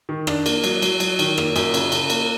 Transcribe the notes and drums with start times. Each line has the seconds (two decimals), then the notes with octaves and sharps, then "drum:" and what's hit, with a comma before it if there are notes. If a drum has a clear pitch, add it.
0.09 D#3
0.27 D4, drum: rim click
0.46 A#3, drum: cymbal
0.64 F#3, drum: cymbal
0.82 F#3, drum: cymbal
1.00 F#3, drum: cymbal
1.19 D#3, drum: cymbal
1.38 A#3, drum: rim click
1.56 F#2, drum: cymbal
1.74 C#3, drum: cymbal
1.92 C#3, drum: cymbal
2.10 A#3, drum: cymbal